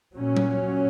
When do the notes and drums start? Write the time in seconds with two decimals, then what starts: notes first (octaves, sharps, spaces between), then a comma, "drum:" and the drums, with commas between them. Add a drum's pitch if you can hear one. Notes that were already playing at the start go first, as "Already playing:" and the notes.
0.15 A#2 F#3 C#4
0.37 drum: tom F#3